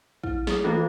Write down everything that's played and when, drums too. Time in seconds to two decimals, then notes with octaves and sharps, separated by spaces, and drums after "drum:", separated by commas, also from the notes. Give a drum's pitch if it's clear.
0.23 E4, drum: kick
0.47 G#4 D#6, drum: snare
0.64 E3 A3 A#3 C#4 F4 A4